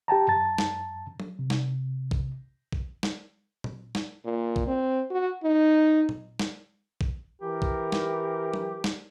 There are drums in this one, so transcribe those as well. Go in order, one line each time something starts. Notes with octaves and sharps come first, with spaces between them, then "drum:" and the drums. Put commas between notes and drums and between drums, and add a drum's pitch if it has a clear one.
G4 G5 A5 A#5
F#2 A5 A#5 A6
drum: snare
drum: tom F#3
C3
drum: snare
drum: kick
drum: kick
drum: snare
drum: tom A#2
drum: snare
A#2
drum: kick
C4
F#4
D#4
drum: tom A#2
drum: snare
drum: kick
E3 G4 A#4
drum: kick
drum: snare
drum: tom F#3
drum: snare